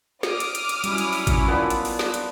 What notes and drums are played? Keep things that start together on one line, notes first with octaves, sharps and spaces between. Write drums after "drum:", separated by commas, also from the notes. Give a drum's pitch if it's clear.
D6 D#6 F6, drum: snare
drum: hi-hat
drum: hi-hat
drum: hi-hat
F#3 G3 C#4 E4, drum: hi-hat
drum: hi-hat
drum: open hi-hat
drum: kick G#1, hi-hat
B3 D4 F4 A#4
drum: hi-hat
drum: open hi-hat
drum: snare
drum: hi-hat